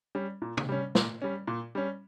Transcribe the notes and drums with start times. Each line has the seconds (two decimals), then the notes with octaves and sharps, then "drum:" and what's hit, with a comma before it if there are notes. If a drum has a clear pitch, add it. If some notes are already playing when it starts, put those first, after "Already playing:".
0.15 G3 C#4
0.42 A#2
0.57 drum: tom
0.69 G3 C#4
0.95 A#2, drum: snare
1.22 G3 C#4
1.48 A#2
1.75 G3 C#4